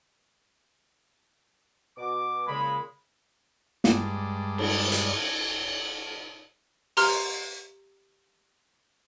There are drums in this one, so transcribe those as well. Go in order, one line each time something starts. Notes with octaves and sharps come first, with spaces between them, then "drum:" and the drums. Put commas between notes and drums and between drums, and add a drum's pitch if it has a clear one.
B2 D6
A#2 C#3 G#3 B5
G2 G#3 D5, drum: snare
drum: cymbal
drum: hi-hat
G4 A#5 C6 F6, drum: open hi-hat